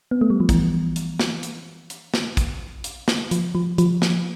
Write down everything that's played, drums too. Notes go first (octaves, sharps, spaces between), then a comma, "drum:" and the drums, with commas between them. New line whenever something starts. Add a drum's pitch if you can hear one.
B3
A3
G3
F3
E3, drum: kick, hi-hat
drum: hi-hat
drum: snare
drum: hi-hat
drum: hi-hat
drum: snare
drum: kick, hi-hat
drum: hi-hat
drum: snare
F3, drum: hi-hat
F3
F3, drum: hi-hat
drum: snare